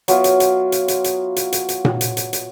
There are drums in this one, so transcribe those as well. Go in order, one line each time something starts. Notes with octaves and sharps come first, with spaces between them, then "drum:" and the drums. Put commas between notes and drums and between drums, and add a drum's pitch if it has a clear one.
F#3 B3 F4 E5, drum: hi-hat
drum: hi-hat
drum: hi-hat
drum: hi-hat
drum: hi-hat
drum: hi-hat
drum: hi-hat
drum: hi-hat
drum: hi-hat
drum: tom A#2
drum: hi-hat
drum: hi-hat
drum: hi-hat